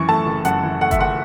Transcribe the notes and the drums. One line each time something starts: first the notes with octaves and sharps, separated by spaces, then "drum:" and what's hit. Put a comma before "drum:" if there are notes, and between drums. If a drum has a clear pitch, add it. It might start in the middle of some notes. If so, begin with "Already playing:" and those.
Already playing: F#2 E3 C#6
A3 A5
F#1
F#2 F#5, drum: hi-hat
E3
A3 F#5
E5, drum: kick G1, hi-hat
F#1 F#5